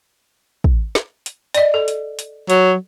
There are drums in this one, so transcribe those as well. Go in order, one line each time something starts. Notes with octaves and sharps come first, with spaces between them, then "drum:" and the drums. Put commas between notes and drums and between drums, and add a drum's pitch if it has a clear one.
drum: kick
drum: snare
drum: hi-hat
D5 D#5, drum: hi-hat
A4
drum: hi-hat
drum: hi-hat
F#3, drum: hi-hat